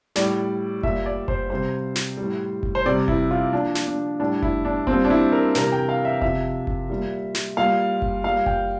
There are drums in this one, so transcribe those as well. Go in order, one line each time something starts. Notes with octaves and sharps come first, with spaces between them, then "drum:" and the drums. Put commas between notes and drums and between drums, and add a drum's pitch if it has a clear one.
A2 G3 D5, drum: snare
A#2 G3 E5, drum: kick F#1
D5
C5, drum: kick F#1
C3 G3 C5
drum: snare
G3
A2
drum: kick F#1
C5
C3 G3 D5
E4, drum: kick F#1
F4
A#2 F3 D4
drum: snare
D4
A2 G3 D4
E4, drum: kick F#1
D4
A#2 G3 C4, drum: kick F#1
D4
E4
A#4
C3 E3 G3 A#4, drum: snare
G5
F5
E5
C3 F3 E5, drum: kick F#1
drum: kick F#1
A#2 G3
drum: snare
A#2 G3 F5
drum: kick F#1
A#2 G3 F5
G5, drum: kick F#1